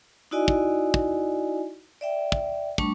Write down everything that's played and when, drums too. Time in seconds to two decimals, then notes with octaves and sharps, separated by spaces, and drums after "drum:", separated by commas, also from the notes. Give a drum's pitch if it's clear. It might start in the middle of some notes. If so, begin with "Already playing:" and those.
0.31 D#4 E4 F#4 D5 D#5 G#5
0.48 drum: kick
0.94 drum: kick
2.01 D5 E5 G5
2.32 drum: kick
2.78 G3 A3 D4 A5 C#6, drum: kick